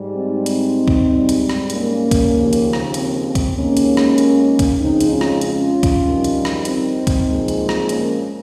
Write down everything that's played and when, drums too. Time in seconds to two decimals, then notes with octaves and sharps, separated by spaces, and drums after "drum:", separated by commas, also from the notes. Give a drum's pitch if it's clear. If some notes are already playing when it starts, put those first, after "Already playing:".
Already playing: G#2 G3
0.15 C4 D#4
0.46 C4 D#4, drum: hi-hat
0.88 drum: kick
1.08 G#2 G3
1.29 drum: hi-hat
1.49 drum: rim click
1.70 A#3 C#4, drum: hi-hat
2.11 drum: kick, hi-hat
2.32 D#2 C#3 F3
2.53 drum: hi-hat
2.73 drum: rim click
2.94 C4, drum: hi-hat
3.25 C4
3.35 drum: kick, hi-hat
3.56 D#2 D#3 G#3 A#3 C#4
3.77 drum: hi-hat
3.97 drum: rim click
4.18 drum: hi-hat
4.59 drum: kick, hi-hat
4.80 F2 C#3 G#3 C4 D#4
5.01 drum: hi-hat
5.10 C#4 F4
5.21 drum: rim click
5.41 C#4 F4, drum: hi-hat
5.83 drum: kick, hi-hat
6.03 F2 D#3 G3
6.24 drum: hi-hat
6.45 drum: rim click
6.65 C4 D#4, drum: hi-hat
7.07 drum: kick, hi-hat
7.27 A#2 F3 G#3
7.48 drum: hi-hat
7.69 drum: rim click
7.89 A#3 C#4, drum: hi-hat